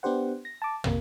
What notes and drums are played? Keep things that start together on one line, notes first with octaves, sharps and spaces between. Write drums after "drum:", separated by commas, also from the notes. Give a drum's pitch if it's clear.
B3 D4 G4 C5 F#5
A#6
A5 D6
C3 A#3, drum: tom